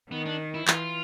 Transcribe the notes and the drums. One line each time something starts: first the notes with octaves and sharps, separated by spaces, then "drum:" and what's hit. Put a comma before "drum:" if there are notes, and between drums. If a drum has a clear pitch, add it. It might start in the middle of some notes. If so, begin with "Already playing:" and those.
D#3 B3
D4
E4
E3 F4, drum: clap